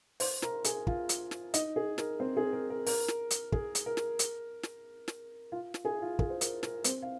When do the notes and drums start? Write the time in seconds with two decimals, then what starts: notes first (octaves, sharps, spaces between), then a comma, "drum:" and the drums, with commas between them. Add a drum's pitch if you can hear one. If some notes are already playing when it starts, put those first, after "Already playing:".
0.20 C5 C6, drum: open hi-hat
0.42 A#4 A#5, drum: snare
0.64 G#4 G#5, drum: hi-hat
0.87 F4 F5, drum: kick
1.09 drum: hi-hat
1.31 drum: snare
1.54 D#4 D#5, drum: hi-hat
1.76 G#4
1.98 A#4, drum: snare
2.20 C4 C5
2.37 G#4
2.53 A#4
2.70 A#4
2.86 A#4, drum: open hi-hat
3.08 drum: snare
3.31 drum: hi-hat
3.52 G#4, drum: kick
3.75 drum: hi-hat
3.86 A#4
3.97 drum: snare
4.19 drum: hi-hat
4.63 drum: snare
5.08 drum: snare
5.52 F4 F5
5.74 drum: snare
5.85 G#4 G#5
6.02 F4 F5
6.19 G#4, drum: kick
6.30 C5
6.41 A#4, drum: hi-hat
6.63 A#4, drum: snare
6.84 C4 C5, drum: hi-hat
7.02 F5